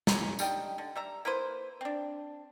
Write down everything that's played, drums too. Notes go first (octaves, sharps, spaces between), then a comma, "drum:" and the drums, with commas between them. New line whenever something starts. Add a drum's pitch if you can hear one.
C#4 D#4, drum: snare
D3 G3 D#4 G5, drum: tambourine
D3
G3 E5 A#5
A#3 E4 B4 C5
C4 D4